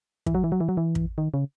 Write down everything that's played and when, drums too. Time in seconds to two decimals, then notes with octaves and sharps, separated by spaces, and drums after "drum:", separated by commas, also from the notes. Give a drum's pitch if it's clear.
0.26 E3, drum: kick
0.35 F#3
0.44 E3
0.52 F#3
0.60 E3
0.69 F#3
0.77 E3
0.95 drum: kick
1.18 D#3
1.34 C#3